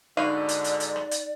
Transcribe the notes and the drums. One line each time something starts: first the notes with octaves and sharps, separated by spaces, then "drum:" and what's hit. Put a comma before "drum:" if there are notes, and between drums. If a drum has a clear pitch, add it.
G#2 D3 D#4 F#4 D5 F5 F#6 D#7, drum: rim click
drum: hi-hat
drum: hi-hat
drum: hi-hat
drum: rim click
drum: hi-hat